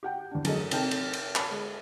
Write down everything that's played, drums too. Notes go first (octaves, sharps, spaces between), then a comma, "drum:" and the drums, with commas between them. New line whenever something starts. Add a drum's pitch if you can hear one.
G4 F#5 G5
E2 D4
F#3 A3 G#4 A4 D#5, drum: cymbal
C3 D#4 A4 G5 A5, drum: cymbal
drum: cymbal
drum: cymbal
A5 B5, drum: clap
G#3